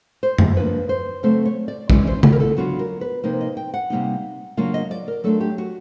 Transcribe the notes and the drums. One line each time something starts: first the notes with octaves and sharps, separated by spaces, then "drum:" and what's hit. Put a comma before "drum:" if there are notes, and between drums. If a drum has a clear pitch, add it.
C5
drum: tom F#2
C#3 F3 A#3 D4 B4
C5
C#3 F#3 A3 C4 C5
C#5
D5
E3 G#3 C#4 E4 D5, drum: kick
C5
B4, drum: tom C#3
A#4
A4
F#3 B3 D4 F4 F#4
A#4
B4
C3 F3 A#3 D#4 C5
D#5
G5
F#5
C3 E3 G3 A#3 D#4
C#3 F#3 A#3 D4 F4 F5
D#5
D5
A#4
F#3 A3 D4 F4 A4
G4
F#4